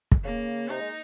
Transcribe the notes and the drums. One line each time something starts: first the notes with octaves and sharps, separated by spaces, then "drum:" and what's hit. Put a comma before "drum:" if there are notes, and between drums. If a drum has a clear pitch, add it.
drum: kick
C#3 A#3
C3 D#4
G#3